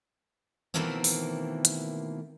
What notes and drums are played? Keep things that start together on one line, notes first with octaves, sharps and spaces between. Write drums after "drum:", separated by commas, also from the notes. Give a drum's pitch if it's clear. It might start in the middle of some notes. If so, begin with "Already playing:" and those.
B2 D#3 E3 A3 A#3 C4
drum: open hi-hat
drum: hi-hat